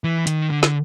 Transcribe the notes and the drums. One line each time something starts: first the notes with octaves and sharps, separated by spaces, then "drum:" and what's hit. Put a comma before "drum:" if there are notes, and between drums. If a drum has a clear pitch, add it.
E3
D#3, drum: hi-hat
D3
drum: snare